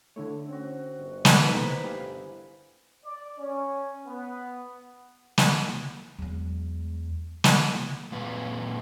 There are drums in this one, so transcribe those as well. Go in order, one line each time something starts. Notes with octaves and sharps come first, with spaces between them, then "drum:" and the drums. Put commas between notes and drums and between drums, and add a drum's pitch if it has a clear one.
D3 A3 E4 C#5
C4 C#4 F#4
G1
drum: snare
B2 D#3 A3 D#4 E4 B4 C5
G1 G4 F5 G#5
D5
C#4
B3
drum: snare
E2 F#3 G#3
drum: snare
F#2 A#2 C4 B4